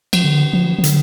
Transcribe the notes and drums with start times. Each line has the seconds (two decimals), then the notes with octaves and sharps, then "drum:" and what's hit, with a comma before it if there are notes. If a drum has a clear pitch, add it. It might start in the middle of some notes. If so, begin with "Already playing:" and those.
0.13 F3, drum: cymbal
0.24 D3
0.53 F3
0.79 F3
0.84 D3, drum: hi-hat